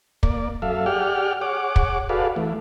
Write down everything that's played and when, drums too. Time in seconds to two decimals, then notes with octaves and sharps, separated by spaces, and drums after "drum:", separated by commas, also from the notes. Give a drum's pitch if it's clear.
0.23 A#3 D5, drum: kick
0.62 F#2 A4 E5 F5
0.86 G4 G#4 D5 F#5 G5 F6
1.42 G#4 C#5 F#5 D6
1.76 drum: kick
2.09 F#4 G#4 A4 B4 D5 F5
2.36 E3 A3